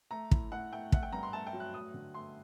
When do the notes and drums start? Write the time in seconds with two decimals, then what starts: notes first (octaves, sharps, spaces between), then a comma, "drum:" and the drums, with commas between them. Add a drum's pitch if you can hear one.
0.11 A3 A#5
0.31 A2, drum: kick
0.51 A3 F#5
0.72 A3 G5
0.92 A3 F#5, drum: kick
1.03 G5
1.12 G2 A#5
1.23 C6
1.33 A3 A5
1.47 G5
1.53 F#3
1.60 F#6
1.74 A3 D#6
1.94 D3
2.14 A3 C6